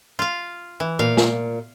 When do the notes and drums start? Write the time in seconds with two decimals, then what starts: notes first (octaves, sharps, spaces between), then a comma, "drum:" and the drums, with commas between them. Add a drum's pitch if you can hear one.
0.19 F4 F5
0.80 E3
0.99 A#2 F5
1.17 drum: snare